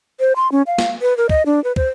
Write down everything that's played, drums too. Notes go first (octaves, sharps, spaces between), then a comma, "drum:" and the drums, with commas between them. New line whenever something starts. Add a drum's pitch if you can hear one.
C5
C6
C#4
F5
drum: snare
B4
A#4
D#5, drum: kick
D4
B4
C5, drum: kick